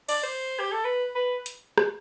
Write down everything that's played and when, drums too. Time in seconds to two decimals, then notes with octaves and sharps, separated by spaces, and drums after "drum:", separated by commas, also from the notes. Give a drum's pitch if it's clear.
0.09 D5, drum: cymbal
0.23 C5
0.59 G4
0.72 A4
0.85 B4
1.15 B4
1.46 drum: hi-hat
1.78 drum: rim click